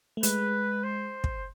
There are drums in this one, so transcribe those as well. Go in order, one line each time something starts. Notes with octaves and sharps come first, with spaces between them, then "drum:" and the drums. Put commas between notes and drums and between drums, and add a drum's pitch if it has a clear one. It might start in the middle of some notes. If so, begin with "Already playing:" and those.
A3
G#3 B4, drum: hi-hat
C5
drum: kick